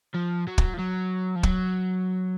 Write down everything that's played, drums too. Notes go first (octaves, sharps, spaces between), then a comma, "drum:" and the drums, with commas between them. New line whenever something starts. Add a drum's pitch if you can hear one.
F3
F#3
drum: kick
F3
F#3
F3
F#3, drum: kick